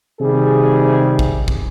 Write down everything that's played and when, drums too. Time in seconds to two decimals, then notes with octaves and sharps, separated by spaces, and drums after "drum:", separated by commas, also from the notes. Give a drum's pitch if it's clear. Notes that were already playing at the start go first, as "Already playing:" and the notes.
0.21 C3 D#3 G3 G#4
1.19 drum: kick
1.48 drum: kick